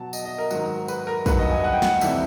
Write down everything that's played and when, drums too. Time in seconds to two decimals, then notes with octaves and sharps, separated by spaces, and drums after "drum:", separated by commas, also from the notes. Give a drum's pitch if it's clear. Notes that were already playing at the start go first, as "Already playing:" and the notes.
Already playing: B2 F#3 A5
0.13 D#5, drum: tambourine
0.25 D#5
0.38 A#4
0.51 G#2 D#3 F#3, drum: tambourine
0.88 B4, drum: tambourine
1.07 A#4
1.26 G2 D#3 F#3 B4, drum: kick, tambourine
1.39 D#5
1.51 G#5
1.64 F#5
1.73 G5
1.82 F#5, drum: snare
2.01 F2 C3 E3 G3 E5, drum: tambourine